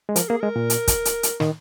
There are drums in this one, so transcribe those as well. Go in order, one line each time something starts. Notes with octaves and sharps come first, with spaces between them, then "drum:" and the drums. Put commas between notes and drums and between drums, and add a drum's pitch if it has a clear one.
G#3
F3 A#4, drum: hi-hat
A#3 G#4
G#3 A#4
A#2
drum: hi-hat
drum: kick, hi-hat
drum: hi-hat
drum: hi-hat
D#3, drum: snare